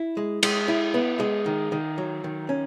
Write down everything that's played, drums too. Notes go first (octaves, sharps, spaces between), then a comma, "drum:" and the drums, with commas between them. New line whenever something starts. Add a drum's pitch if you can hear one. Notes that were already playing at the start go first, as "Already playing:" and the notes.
Already playing: E4
G#3
G#3, drum: cymbal
E4
B3
G#3
D#3
D#3
F#3
D#3
C#4